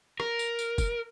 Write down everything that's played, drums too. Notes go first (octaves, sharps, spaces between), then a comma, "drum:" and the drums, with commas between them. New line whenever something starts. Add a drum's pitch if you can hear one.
A#4, drum: rim click
drum: tambourine
drum: tambourine
drum: kick F1, tambourine